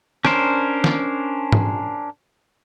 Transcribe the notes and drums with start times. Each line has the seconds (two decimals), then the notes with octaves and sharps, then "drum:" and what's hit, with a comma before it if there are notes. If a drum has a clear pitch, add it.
0.25 C#4 D4 A#4 C5, drum: rim click
0.84 drum: snare
1.52 drum: tom G#2